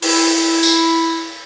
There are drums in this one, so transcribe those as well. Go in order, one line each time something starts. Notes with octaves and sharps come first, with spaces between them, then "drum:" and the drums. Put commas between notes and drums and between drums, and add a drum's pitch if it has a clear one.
E4, drum: open hi-hat
drum: tambourine